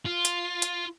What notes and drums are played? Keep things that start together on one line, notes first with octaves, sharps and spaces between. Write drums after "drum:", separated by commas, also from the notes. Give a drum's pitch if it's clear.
F4
drum: hi-hat
drum: hi-hat